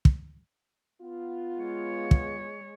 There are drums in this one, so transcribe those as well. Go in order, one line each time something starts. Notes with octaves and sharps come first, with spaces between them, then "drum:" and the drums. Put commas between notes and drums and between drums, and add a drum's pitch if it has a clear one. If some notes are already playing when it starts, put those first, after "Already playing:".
drum: kick
B3 F4
G#3 C#5
drum: kick